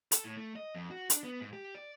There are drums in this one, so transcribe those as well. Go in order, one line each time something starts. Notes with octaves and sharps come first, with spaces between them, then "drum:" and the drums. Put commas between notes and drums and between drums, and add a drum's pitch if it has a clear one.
A4, drum: hi-hat
A2
A3
D#5
F2
F#4
D4, drum: hi-hat
B3
G#2
G4
D5